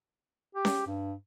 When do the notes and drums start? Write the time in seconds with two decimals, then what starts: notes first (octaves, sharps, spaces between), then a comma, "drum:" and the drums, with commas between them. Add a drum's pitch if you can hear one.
0.55 G4
0.65 drum: snare C#4
0.87 G2